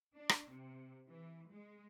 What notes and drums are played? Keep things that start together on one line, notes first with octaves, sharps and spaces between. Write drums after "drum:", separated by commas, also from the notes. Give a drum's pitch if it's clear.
D4
drum: rim click
C3
E3
G#3